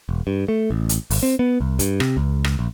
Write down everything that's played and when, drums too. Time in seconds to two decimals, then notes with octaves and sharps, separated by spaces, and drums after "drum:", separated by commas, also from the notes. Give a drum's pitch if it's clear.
0.09 E1
0.27 G2
0.48 A3
0.71 A1
0.89 drum: hi-hat
1.11 G#1, drum: open hi-hat
1.23 C4
1.39 B3
1.61 C2
1.79 G2, drum: hi-hat
2.00 C3, drum: rim click
2.17 C#2
2.44 drum: rim click
2.59 A#1